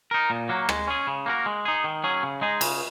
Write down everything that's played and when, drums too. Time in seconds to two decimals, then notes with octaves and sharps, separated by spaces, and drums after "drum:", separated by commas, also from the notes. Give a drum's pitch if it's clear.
0.11 D#4 A#4
0.30 A#2
0.49 F#3 A#3 F#4
0.69 G#3, drum: rim click
0.88 C#4 G#4
1.07 C#3
1.26 A#3 F#4 A#4
1.46 G#3
1.65 D#4 G#4
1.84 D#3
2.04 F#3 C#4 G#4
2.23 C#3
2.41 G#3 D#4 G#4
2.61 C#3, drum: cymbal